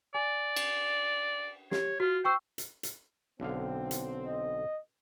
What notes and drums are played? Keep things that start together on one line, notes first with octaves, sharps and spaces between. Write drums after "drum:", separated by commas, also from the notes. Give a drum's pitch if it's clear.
D5 G#5
drum: cymbal
G4 C#5, drum: snare
F4 F#4
C5 G5 C#6 E6
drum: hi-hat
drum: hi-hat
B1 D3 C4 F5
drum: hi-hat
D#5